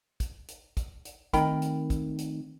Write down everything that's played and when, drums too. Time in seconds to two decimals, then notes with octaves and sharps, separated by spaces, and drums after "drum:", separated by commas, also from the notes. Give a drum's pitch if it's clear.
0.20 drum: kick, hi-hat
0.48 drum: hi-hat
0.77 drum: kick, hi-hat
1.05 drum: hi-hat
1.33 D#3 A3 C4 D#4 A#4 G5 B5, drum: kick, hi-hat
1.62 drum: hi-hat
1.90 drum: kick, hi-hat
2.18 drum: hi-hat